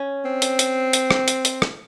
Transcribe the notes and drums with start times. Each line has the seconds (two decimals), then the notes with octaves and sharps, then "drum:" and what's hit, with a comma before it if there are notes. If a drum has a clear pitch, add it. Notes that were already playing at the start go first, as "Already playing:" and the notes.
Already playing: C#4
0.25 C4
0.42 drum: hi-hat
0.59 drum: hi-hat
0.93 drum: hi-hat
1.11 drum: rim click
1.28 drum: hi-hat
1.45 drum: hi-hat
1.62 drum: rim click